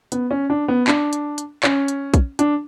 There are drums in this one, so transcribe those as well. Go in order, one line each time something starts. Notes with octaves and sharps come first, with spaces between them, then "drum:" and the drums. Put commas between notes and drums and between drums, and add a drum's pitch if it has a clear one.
B3, drum: hi-hat
C#4
D4
B3
D4, drum: clap
drum: hi-hat
drum: hi-hat
C#4, drum: clap
drum: hi-hat
drum: kick, hi-hat
D4, drum: hi-hat